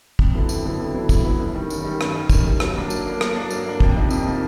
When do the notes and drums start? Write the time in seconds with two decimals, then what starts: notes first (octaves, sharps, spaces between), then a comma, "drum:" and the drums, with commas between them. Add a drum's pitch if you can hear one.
0.19 F2, drum: kick
0.34 D3 F#3 B3 E4
0.49 F2, drum: tambourine
0.65 D3 F#3 B3 E4
0.80 F2
0.94 D3 F#3 B3 E4
1.09 F2, drum: kick, tambourine
1.25 D3 F#3 B3 E4
1.39 F#2
1.55 D#3 G3
1.70 F#2, drum: tambourine
1.84 D#3 G3
2.01 F#2, drum: rim click
2.15 D#3 G3
2.30 F#2, drum: kick, tambourine
2.46 D#3 G3
2.60 F#3, drum: rim click
2.76 A#3 D4
2.90 F#3, drum: tambourine
3.06 A#3 D4
3.21 F#3, drum: rim click
3.36 A#3 D4
3.50 F#3, drum: tambourine
3.65 A#3 D4
3.80 F2, drum: kick
3.96 C3 F3 A#3 D#4
4.10 F2, drum: tambourine
4.26 C3 F3 A#3 D#4